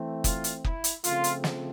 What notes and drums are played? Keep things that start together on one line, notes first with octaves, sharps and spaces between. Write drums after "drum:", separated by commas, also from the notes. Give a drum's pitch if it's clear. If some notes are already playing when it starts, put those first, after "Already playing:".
Already playing: E3 A3 C4
F4, drum: kick, hi-hat
drum: hi-hat
E4, drum: kick
drum: hi-hat
C#3 F3 A3 C4 F4, drum: hi-hat
drum: hi-hat
drum: snare